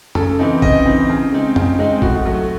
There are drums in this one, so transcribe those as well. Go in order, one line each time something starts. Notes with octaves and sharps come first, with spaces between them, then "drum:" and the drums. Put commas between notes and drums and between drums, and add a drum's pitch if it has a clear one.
C#3 A4, drum: tom F#2
E3 C4 D#4
C#3 D#5, drum: kick A1
E3 C4 D#4
C#3
G#3 C4 D#4
C#3, drum: tom F#2
G#3 C4 D#4
A2 F#4, drum: kick A1
F#3 A3